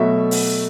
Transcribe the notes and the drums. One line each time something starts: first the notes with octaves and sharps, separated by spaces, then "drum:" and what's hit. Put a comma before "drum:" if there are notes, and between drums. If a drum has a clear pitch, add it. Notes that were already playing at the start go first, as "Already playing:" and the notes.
Already playing: B2 F#3 A3 E5
drum: open hi-hat